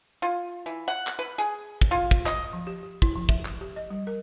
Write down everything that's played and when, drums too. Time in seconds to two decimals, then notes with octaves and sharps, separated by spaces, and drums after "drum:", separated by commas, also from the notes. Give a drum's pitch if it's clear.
0.22 F4
0.66 E3
0.88 F#5
1.07 drum: clap
1.19 B4
1.38 G#4
1.81 drum: kick
1.91 F4
2.11 drum: kick
2.26 D#5, drum: clap
2.53 F3
2.67 G4
2.83 G4
3.02 E4, drum: kick
3.15 F3
3.29 E5, drum: kick
3.45 drum: clap
3.61 G4
3.76 D#5
3.90 G3
4.07 A#4